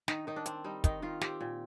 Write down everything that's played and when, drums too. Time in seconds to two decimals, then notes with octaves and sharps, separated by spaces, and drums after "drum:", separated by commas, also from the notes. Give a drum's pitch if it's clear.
0.08 D#3 D#4, drum: snare
0.27 D#3 D#4
0.36 D4
0.46 C4, drum: hi-hat
0.64 G3 D#4
0.84 D#3 D#4, drum: kick, hi-hat
1.02 D#3 F4
1.21 C4 G4, drum: snare
1.41 A#2